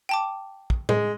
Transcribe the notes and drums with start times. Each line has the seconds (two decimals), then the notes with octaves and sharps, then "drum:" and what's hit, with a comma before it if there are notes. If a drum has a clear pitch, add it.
0.09 G5 A5 D6
0.70 drum: kick
0.89 G#3, drum: tom A2